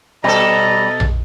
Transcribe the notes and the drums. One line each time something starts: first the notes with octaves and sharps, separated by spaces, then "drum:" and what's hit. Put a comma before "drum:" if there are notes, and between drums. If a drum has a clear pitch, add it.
B2 G3 A4 D#5 A#5
drum: tom A#1